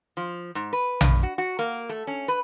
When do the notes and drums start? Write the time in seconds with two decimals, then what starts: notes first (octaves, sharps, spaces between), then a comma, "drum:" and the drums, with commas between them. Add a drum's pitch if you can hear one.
0.17 F3
0.55 G#2
0.73 B4
1.01 G2, drum: tom A#1
1.23 F#4
1.38 F#4
1.59 A#3
1.89 A3
2.07 C#4
2.28 B4